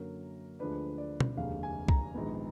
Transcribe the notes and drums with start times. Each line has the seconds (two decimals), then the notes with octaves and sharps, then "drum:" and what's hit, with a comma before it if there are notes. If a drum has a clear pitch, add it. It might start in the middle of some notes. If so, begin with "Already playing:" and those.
Already playing: F#2 D3 F#3 A#3 A#4
0.59 D2 D3 F3 G#3 D4 B4
0.98 D5
1.20 drum: tom
1.37 F1 D#2 D3 G#3 F5
1.63 G#5
1.88 A#5, drum: kick C2
2.14 A#1 G#2 D#3 G#3 B3